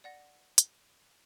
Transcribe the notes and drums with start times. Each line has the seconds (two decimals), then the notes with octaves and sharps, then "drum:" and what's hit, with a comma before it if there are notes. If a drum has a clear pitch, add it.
0.04 D5 F#5 A#6
0.58 drum: hi-hat